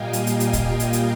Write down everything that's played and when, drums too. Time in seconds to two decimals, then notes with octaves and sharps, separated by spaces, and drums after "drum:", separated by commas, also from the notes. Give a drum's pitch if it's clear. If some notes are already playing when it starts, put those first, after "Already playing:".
Already playing: A#2 G3 A#3 D#5 F5 G5 G#5
0.13 F5 G#5, drum: hi-hat
0.27 drum: hi-hat
0.40 drum: hi-hat
0.53 drum: kick, hi-hat
0.80 drum: hi-hat
0.93 drum: hi-hat